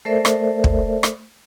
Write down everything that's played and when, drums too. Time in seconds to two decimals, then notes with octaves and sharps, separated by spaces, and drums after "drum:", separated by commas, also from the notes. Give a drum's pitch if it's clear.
0.05 A3 A4 A#4 C5 D5 E5
0.25 drum: rim click
0.64 drum: kick
1.03 drum: rim click